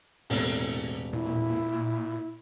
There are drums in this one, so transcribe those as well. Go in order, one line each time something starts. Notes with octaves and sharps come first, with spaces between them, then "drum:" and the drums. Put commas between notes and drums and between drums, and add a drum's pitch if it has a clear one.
E1 A2 C3, drum: open hi-hat
A#2 E4